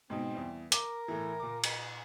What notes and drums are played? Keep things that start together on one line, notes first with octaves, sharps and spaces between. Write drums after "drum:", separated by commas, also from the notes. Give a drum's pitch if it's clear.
G#2 B2 C4
E2 G3
A#4 D6, drum: hi-hat
A2 E3
A#2 D6
drum: cymbal